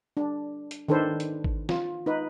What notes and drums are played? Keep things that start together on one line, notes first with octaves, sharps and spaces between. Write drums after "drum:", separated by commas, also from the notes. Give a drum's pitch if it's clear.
D4
drum: hi-hat
D#3 D4 A4 B4 C5
drum: hi-hat
drum: kick G#1
F4, drum: snare
D#4 B4